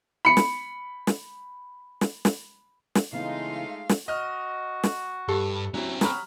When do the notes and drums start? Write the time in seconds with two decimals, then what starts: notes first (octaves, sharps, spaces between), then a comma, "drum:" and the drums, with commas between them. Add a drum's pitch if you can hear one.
0.25 B5 C#7
0.37 drum: snare
1.07 drum: snare
2.01 drum: snare
2.25 drum: snare
2.95 drum: snare
3.12 C#3 E3 G#3 A3 B3 D#4 F4 F5
3.89 drum: snare
4.08 F#4 D#5 F6
4.84 drum: snare
5.28 G2 G4 A4
5.74 F#3 C4 C#4 E4
6.01 F#3 A#5 B5 F6, drum: snare